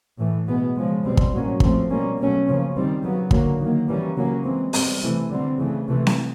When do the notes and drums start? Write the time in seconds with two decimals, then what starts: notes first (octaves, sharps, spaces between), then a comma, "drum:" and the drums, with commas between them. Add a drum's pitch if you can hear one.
0.18 A2 E3 A3
0.47 B2 G#3 B3
0.75 C#3 F3 G#3
1.04 B2 G3 C4
1.17 drum: kick
1.32 A2 F#3 A#3 C#4
1.60 A2 F3 A3 C4, drum: kick
1.89 B2 G3 A#3 C#4
2.17 B2 F#3 A3 C#4
2.47 C#3 F3 A#3 C#4
2.75 D#3 G3 C4
3.03 C#3 F#3 B3
3.31 D3 F#3 A#3, drum: kick
3.60 D#3 F#3 A#3
3.88 E3 G3 A#3 C#4
4.16 C#3 F#3 A#3 C#4
4.44 E3 G#3 C4
4.73 B2 G3 C4, drum: open hi-hat
5.01 C3 E3 A3
5.29 D3 G3 C4
5.58 C#3 E3 A3
5.87 C3 E3 A3
6.07 drum: snare C4